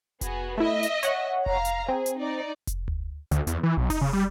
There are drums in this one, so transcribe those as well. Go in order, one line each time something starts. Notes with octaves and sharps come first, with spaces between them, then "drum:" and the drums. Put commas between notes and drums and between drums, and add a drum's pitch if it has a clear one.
B3 F#4 G#4, drum: kick F1, hi-hat
A3 E4 D#5 E5
drum: hi-hat
C#5 F#5, drum: hi-hat
F5 A#5, drum: kick F1
drum: hi-hat
C4 G#4
drum: hi-hat
D#4 D5
drum: kick F1, hi-hat
drum: tom D2
D2, drum: hi-hat
E2, drum: hi-hat
E3
B1
D#4, drum: kick F1, open hi-hat
C#3
G3